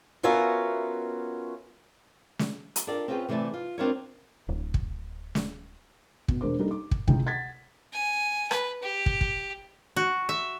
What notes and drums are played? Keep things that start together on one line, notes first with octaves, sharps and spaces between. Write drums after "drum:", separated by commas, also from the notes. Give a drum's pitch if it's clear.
B3 C#4 F4 F#4 A#4 E5
drum: snare
drum: hi-hat
D4 F4 G4 A4 A#4 D5
C4 C#4 F4 G#4 B4 G5
C3 E3 A3 C#5 D5 A5
F4
C4 D4 F4 A#4 C5 C#5
D1
drum: kick
drum: snare
B2 B3, drum: kick
E1 D4 G#4 A#4 C5 D6
G3 A#3 C#4 D#4 A4
D6
drum: kick
C#2 E4 G5, drum: kick
F#5 G#6 A6 B6
G#5
B4, drum: rim click
G4
drum: kick
drum: kick
F#4
E5